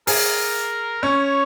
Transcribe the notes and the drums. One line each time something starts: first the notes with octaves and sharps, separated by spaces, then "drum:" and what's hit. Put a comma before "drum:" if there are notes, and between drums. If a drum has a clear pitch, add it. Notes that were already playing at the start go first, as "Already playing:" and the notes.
G#4 A#4, drum: open hi-hat
C#4 C#5